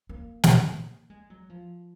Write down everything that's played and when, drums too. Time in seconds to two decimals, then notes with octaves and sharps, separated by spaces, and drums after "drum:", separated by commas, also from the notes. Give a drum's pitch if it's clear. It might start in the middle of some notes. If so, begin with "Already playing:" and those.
0.09 A#3
0.44 drum: snare
1.10 G#3
1.30 F#3
1.50 F3